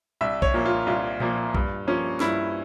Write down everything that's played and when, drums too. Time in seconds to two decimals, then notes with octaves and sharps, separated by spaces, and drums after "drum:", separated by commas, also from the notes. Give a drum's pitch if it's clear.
0.21 C2 E5
0.42 C#5, drum: kick B1
0.54 A#2 F3 A#3
0.65 F4
0.87 C2 F4
1.20 A#2 F3 A#3, drum: tom A#2
1.55 G2, drum: kick B1
1.87 F3 A#3 C#4
2.20 G2 E4, drum: snare